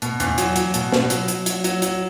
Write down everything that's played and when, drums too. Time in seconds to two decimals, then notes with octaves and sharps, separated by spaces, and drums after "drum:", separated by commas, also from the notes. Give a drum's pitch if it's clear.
0.02 B2, drum: hi-hat
0.20 E2, drum: hi-hat
0.38 F#3, drum: hi-hat
0.56 F#3, drum: hi-hat
0.74 B2, drum: hi-hat
0.92 B2, drum: snare
1.10 F#3, drum: hi-hat
1.28 F#3, drum: hi-hat
1.46 F#3, drum: hi-hat
1.64 F#3, drum: hi-hat
1.82 F#3, drum: hi-hat